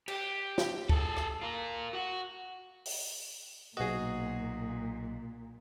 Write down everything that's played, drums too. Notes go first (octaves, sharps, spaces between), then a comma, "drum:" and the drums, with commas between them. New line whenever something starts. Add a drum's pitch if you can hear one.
G4, drum: cymbal
drum: snare
G#4 A4, drum: kick
drum: rim click
F4 A#4
F#4 F#5
drum: open hi-hat
B1 A#2 F#4 G#4 D#5